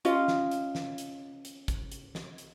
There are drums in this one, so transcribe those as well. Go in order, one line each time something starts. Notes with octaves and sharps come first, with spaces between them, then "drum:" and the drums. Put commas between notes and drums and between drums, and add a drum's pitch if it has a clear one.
C#4 F4 D#5, drum: hi-hat
drum: snare
drum: hi-hat
drum: snare
drum: hi-hat
drum: hi-hat
drum: kick, hi-hat
drum: hi-hat
drum: snare
drum: hi-hat